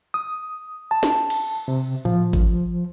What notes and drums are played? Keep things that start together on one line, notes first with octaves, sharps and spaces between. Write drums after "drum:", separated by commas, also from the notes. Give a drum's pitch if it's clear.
D#6
A5
drum: snare
drum: cymbal
C3
F3, drum: tom A2
drum: kick G#1